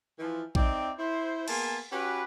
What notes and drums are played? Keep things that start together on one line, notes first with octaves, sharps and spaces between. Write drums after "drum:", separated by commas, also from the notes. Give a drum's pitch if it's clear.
E3 F3
C4 D#4 D5 E5 G5, drum: kick A#1
E4 C5
A#3 B3 G#4 G#5 A5 C6, drum: cymbal
C#4 F#4 G4 B4